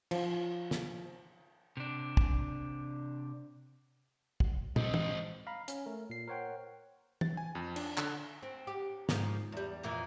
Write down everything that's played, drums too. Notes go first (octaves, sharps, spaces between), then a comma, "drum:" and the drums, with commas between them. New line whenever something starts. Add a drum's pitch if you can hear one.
F3, drum: cymbal
drum: snare
C3 D4
drum: kick
C2, drum: kick
G#2 C4 D#5, drum: tom
drum: tom
F5 A#5 B5
C#4, drum: hi-hat
A3 A#4
A#2 C7
A#4 C5 C#5 F#5 G5
A6, drum: tom
G#5
F2
D4, drum: cymbal
D3, drum: clap
C4
G4
G#2 F3, drum: snare
E2 G3
F2 A#2 E3